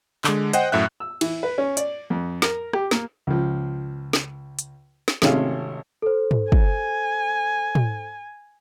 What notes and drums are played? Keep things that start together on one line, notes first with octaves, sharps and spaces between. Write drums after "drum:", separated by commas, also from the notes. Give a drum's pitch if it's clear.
D3 G#3, drum: clap
C5 D#5 F#5 G5, drum: hi-hat
F#2 A2 E5 F#6
E6
E3, drum: cymbal
B4
C#4
D5, drum: hi-hat
F2
A#4, drum: snare
G4, drum: rim click
A#3, drum: snare
C#2 F3
drum: snare
drum: hi-hat
drum: snare
G#1 C3 A3 C#4 G#4 F5, drum: snare
A4 C5
drum: tom
G#5, drum: kick
drum: tom